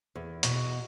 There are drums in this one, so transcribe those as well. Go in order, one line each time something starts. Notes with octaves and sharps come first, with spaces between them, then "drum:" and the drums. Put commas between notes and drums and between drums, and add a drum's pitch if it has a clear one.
E2
B2, drum: hi-hat